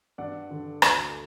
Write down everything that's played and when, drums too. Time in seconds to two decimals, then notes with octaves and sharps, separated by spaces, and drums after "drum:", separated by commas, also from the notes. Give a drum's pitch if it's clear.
0.18 G2 D5 F#5
0.51 D3
0.82 D2, drum: rim click